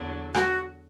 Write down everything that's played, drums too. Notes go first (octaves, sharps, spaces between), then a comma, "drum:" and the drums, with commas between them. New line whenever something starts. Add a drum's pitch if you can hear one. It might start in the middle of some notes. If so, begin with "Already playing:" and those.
Already playing: E2 D3 F#3
F#4, drum: rim click